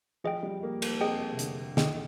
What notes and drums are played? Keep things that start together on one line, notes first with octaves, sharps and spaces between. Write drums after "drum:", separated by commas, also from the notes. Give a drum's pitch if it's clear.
F3 G#4 D#5 G5
G3
A#3
A#3, drum: cymbal
C4 G#4 D#5 G5
C3
D3, drum: hi-hat
D3 G#4 D#5 G5, drum: snare